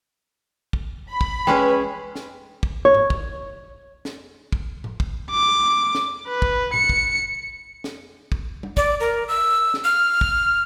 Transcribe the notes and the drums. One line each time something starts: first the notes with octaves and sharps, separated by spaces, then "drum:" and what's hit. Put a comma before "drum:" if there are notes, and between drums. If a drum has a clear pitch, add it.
drum: kick
B5
drum: kick
G#3 C#4 G#4 B4 C#5 G5
drum: snare
drum: kick
C#5
drum: tom G#2
drum: kick
drum: snare
drum: kick
drum: tom
drum: kick
D6
drum: snare
B4
drum: kick
C#7, drum: tom
drum: kick
drum: snare
drum: kick
drum: tom
D5, drum: kick
A#4
E6
drum: snare
F6
drum: kick